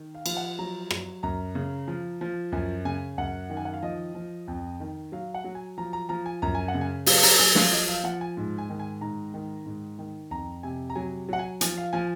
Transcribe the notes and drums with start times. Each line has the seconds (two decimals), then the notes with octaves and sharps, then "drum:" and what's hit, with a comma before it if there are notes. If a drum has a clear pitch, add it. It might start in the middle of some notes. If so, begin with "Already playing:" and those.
Already playing: D#3
0.15 F5
0.26 F3, drum: cymbal
0.37 F#5
0.59 F#3 A#5
0.91 F#3, drum: rim click
1.23 F#2 A#5
1.55 C#3
1.88 F3
2.21 F3
2.52 F#2 G#5
2.85 C#3 G#5
3.18 F#2 F#5
3.50 D#3
3.57 G#5
3.65 F#5
3.74 F5
3.82 F3 D#5
4.15 F3
4.48 F2
4.80 D#3
5.12 F#3 F5
5.34 F#5
5.44 F#3
5.55 G#5
5.78 F3 A#5
5.93 A#5
6.09 F3 A#5
6.26 G#5
6.42 F#2 A#5
6.55 G#5
6.68 F#5
6.74 C#3
6.81 G#5
7.06 F#3 F5, drum: open hi-hat
7.23 A#5, drum: open hi-hat
7.40 F#3 G#5
7.55 F5, drum: snare
7.71 F3 D#5
7.88 F5
8.04 F3 F#5
8.21 G#5
8.37 G#2
8.58 G#5
8.69 D#3
8.80 G#5
9.01 G#2 A#5
9.34 D#3
9.66 G#2
9.99 D#3
10.31 F2 A#5
10.63 C3 G#5
10.90 A#5
10.96 F#3 G#5
11.29 F#3 F#5
11.39 G#5
11.61 F3 G#5, drum: hi-hat
11.77 F5
11.93 F3 G#5